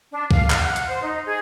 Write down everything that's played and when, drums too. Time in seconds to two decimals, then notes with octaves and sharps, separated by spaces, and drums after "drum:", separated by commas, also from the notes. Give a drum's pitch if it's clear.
0.12 D4
0.31 F5, drum: kick C2
0.50 F6, drum: clap
0.63 F#5
0.76 drum: hi-hat
0.86 C5
1.02 D#4
1.25 G#4